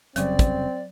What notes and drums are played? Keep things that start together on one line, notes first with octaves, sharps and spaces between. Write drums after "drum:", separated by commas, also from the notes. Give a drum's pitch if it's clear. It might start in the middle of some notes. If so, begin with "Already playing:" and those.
F1 C#3 F#3 G3 C4 D5, drum: hi-hat
drum: kick, hi-hat